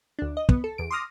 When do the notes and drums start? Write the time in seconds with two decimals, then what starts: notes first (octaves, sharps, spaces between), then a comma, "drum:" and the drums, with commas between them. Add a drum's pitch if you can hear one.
0.19 D2 D4
0.37 D#5
0.49 B3, drum: kick
0.64 A4
0.78 E2 D7
0.91 C6 D6 D#6 F6 A#6